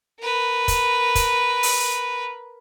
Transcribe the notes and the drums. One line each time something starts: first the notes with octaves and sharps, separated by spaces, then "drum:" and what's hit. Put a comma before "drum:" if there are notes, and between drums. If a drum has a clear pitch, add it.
A#4 B4
drum: kick, hi-hat
drum: kick, hi-hat
drum: open hi-hat